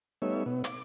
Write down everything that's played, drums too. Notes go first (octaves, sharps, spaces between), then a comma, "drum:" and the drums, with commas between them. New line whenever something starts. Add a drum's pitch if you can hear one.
G3 A3 B3 D#4 C#5 E5
B2 B3
D6, drum: hi-hat